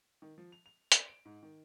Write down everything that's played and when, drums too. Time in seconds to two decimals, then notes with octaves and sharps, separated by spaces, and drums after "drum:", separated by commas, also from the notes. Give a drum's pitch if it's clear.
0.22 D#3
0.38 F3
0.52 F7
0.66 F7
0.92 D5, drum: hi-hat
1.08 D7
1.25 G#2
1.43 D#3